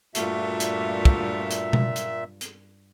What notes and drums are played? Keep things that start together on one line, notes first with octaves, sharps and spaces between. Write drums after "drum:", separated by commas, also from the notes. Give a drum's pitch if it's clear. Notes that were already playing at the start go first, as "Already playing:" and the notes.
G2 A#2 A3 A#3 F4 F#4 E5, drum: hi-hat
drum: hi-hat
drum: kick
drum: hi-hat
drum: tom B2
drum: hi-hat
drum: hi-hat